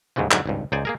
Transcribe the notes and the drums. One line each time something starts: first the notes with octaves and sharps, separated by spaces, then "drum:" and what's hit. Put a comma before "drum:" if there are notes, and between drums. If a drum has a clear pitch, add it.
D#2 G#2 C#3 E3 F3
F2 G#2 D3 D#3 F#3, drum: clap
G#1 C#2 G2
C#2 D#4 C5 D5 G#5
A#3 G#4 A#4